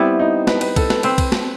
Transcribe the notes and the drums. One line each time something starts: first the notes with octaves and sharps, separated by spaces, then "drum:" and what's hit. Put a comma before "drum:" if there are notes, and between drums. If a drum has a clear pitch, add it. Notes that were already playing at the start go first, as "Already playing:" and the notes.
Already playing: G3 B3 C4 E4
D#4
B4, drum: snare
B4, drum: cymbal
A4, drum: kick, cymbal
B4, drum: snare
C4 B4, drum: cymbal
drum: kick, cymbal
drum: snare